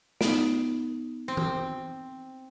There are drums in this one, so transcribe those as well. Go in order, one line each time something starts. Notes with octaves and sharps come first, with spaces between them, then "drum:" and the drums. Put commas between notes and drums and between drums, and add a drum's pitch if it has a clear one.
B3 D#4, drum: snare
C4
drum: tom E3